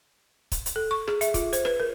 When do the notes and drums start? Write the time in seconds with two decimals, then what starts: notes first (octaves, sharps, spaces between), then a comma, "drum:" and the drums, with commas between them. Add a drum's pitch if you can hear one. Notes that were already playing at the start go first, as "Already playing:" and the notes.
0.52 drum: kick, hi-hat
0.66 drum: hi-hat
0.76 A4
0.91 C#6
1.08 G#4, drum: rim click
1.21 E5, drum: hi-hat
1.34 F4, drum: kick, hi-hat
1.53 C5, drum: hi-hat
1.65 B4, drum: rim click
1.80 A#4